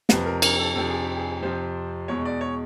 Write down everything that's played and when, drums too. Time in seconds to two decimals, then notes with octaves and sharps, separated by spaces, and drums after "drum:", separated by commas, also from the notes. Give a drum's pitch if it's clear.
0.09 F2 C3 F3 B4, drum: snare
0.26 A#4
0.42 A#4, drum: cymbal
0.59 A4
0.75 F2 C3 F3 A4
0.89 G#4
1.04 G4
1.17 G#4
1.42 F2 C3 F3 C5
2.08 E2 B2 G#3 C#5
2.25 D5
2.41 C#5